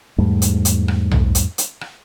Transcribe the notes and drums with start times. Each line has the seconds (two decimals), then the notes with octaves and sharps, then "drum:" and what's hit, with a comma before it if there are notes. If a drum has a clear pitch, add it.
0.18 E2 G#2 G3 A3
0.42 drum: hi-hat
0.65 drum: hi-hat
0.88 drum: rim click
1.11 drum: tom B1
1.35 drum: hi-hat
1.58 drum: hi-hat
1.81 drum: rim click